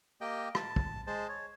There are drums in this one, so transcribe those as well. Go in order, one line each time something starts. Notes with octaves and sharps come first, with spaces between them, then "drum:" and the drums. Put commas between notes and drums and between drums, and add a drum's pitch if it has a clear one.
A#3 G4 D#5 G5
A5, drum: rim click
drum: kick
G#3 C5 A5
C#5